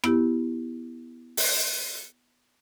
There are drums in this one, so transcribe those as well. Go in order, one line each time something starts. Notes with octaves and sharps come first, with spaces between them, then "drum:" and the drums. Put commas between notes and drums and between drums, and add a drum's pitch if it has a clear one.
B3 E4 G4, drum: rim click
drum: open hi-hat